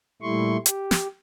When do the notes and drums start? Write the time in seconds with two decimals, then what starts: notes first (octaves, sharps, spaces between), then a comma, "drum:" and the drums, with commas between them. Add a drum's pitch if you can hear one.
0.22 A#2 G3 A3 E4 C6 C#6
0.66 G4, drum: hi-hat
0.91 drum: snare